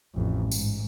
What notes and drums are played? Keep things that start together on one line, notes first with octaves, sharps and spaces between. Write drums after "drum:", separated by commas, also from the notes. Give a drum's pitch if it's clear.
A1 F2
G#2, drum: tambourine